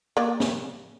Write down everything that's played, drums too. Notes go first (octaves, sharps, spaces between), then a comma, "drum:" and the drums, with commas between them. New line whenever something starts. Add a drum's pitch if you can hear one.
A#3 D5
drum: snare